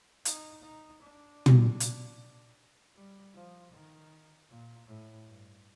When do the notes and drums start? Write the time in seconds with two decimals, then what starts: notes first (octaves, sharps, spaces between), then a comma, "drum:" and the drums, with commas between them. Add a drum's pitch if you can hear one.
0.25 D#4, drum: hi-hat
0.63 D#4
1.02 D4
1.46 drum: tom
1.80 drum: hi-hat
2.95 G3
3.34 F3
3.72 D#3
4.49 A#2
4.87 A2
5.26 G2